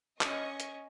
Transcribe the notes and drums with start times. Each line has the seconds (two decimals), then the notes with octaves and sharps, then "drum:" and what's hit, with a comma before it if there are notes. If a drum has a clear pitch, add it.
0.21 C#4 D#5 C#6, drum: clap
0.60 drum: hi-hat